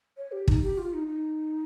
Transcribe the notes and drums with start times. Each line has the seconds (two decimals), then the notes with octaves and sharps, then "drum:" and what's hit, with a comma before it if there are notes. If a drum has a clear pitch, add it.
0.17 C#5
0.32 G4
0.48 D#4, drum: kick
0.63 G4
0.78 F4
0.93 D#4
1.08 D#4